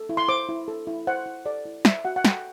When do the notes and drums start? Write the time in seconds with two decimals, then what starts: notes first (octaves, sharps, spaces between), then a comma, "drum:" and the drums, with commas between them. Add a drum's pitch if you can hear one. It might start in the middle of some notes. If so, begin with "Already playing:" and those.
Already playing: A4
0.09 E4
0.17 C6
0.29 C5 D6
0.49 E4
0.68 A4
0.87 E4
1.07 C5 F#5
1.26 E4
1.45 A4 D5
1.65 E4
1.85 C5 E5, drum: snare
2.05 F#4 F#5
2.16 F#5
2.25 A4 G5, drum: snare